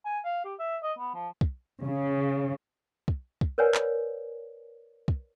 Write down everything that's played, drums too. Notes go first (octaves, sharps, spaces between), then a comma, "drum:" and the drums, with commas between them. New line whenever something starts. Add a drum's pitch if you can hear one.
G#5
F5
G4
E5
D#5
B3
F3
drum: kick
C#3
drum: kick
drum: kick
A#4 B4 C#5 D5 F#5 G#5
drum: clap
drum: kick